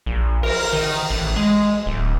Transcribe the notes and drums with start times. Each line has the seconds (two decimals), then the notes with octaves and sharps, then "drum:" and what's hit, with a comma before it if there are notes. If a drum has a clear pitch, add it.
0.06 A#1
0.43 A#4, drum: cymbal
0.73 D#3
1.10 A1
1.36 G#3
1.86 D1